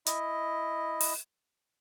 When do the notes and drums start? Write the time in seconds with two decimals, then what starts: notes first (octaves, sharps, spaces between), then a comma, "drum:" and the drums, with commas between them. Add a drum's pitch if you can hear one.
0.06 E4 D#5, drum: hi-hat
1.01 drum: open hi-hat